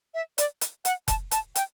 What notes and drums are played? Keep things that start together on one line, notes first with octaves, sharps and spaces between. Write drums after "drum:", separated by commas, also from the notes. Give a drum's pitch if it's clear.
E5
D5, drum: hi-hat
drum: hi-hat
F#5, drum: hi-hat
A5, drum: kick F1, hi-hat
A5, drum: hi-hat
G5, drum: hi-hat